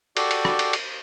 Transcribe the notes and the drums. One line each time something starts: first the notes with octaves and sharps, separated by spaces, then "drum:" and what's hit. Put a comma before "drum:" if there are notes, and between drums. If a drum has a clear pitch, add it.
F#4 G4 A4 D5, drum: cymbal
drum: cymbal
drum: rim click
drum: cymbal
drum: cymbal